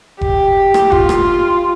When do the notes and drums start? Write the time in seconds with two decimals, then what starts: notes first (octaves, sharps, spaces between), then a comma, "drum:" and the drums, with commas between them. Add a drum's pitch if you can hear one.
0.21 G4, drum: kick F1
0.74 drum: rim click
0.92 F4, drum: kick F1
1.09 drum: rim click